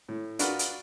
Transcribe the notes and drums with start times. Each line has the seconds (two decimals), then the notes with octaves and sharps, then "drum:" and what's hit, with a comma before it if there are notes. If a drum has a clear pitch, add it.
0.09 A2
0.39 D4 F4 F#4 G#4 A#4 B4, drum: hi-hat
0.59 drum: hi-hat